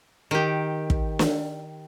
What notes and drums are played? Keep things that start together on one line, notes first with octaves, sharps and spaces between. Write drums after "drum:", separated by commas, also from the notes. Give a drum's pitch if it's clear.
D#3 G4
drum: kick
drum: snare